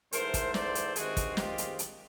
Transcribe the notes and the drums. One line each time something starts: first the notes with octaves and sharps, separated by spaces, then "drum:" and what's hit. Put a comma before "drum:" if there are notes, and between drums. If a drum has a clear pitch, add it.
G#2 E3 A3 A#4 C5, drum: hi-hat
drum: kick, hi-hat
C5 D5, drum: snare
drum: hi-hat
G2 D#3 G#3 C4 F#4 G#4, drum: hi-hat
drum: kick, hi-hat
F4 G4, drum: snare
drum: hi-hat
drum: hi-hat